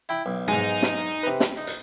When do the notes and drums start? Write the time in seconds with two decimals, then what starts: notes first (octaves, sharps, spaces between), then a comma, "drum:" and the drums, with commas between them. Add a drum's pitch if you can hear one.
0.09 E4 G5 B5
0.26 B1
0.48 G#2 G#3 D#4
0.82 drum: snare
1.23 C3 B4
1.40 B5, drum: snare
1.57 D#4
1.67 drum: hi-hat